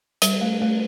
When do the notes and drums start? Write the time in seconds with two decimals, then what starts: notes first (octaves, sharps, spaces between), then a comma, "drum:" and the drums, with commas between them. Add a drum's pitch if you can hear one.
0.22 G3, drum: hi-hat
0.41 A3
0.61 A3